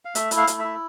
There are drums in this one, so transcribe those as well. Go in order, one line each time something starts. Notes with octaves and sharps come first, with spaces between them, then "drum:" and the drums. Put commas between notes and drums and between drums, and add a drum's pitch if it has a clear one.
F5
A3 E5, drum: hi-hat
E4, drum: hi-hat
F5
A3, drum: hi-hat
E4 E5